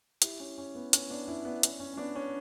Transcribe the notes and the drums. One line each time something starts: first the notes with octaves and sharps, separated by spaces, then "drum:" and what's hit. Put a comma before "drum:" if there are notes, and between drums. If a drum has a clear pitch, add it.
E4 G4, drum: hi-hat
C#4 E4
C#4
B3
C#4, drum: hi-hat
B3 D4
C#4 E4
B3 D4
C#4, drum: hi-hat
C#4
C#4
B3 D4
C#4